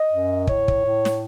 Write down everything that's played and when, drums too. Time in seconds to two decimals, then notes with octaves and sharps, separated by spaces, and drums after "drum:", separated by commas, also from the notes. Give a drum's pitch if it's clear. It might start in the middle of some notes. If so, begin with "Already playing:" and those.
Already playing: D#5
0.12 F#2
0.47 A2 C#5, drum: kick
0.68 drum: kick
0.84 A2
1.05 drum: snare